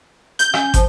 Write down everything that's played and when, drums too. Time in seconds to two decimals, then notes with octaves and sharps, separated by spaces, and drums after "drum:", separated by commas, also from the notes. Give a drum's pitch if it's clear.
0.39 G6, drum: hi-hat
0.54 C#4, drum: rim click
0.74 F3, drum: kick, hi-hat